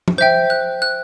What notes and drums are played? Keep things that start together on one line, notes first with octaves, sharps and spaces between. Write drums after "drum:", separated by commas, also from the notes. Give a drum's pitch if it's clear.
drum: tom F3
C5 E5 G5 G6
F#6
F#6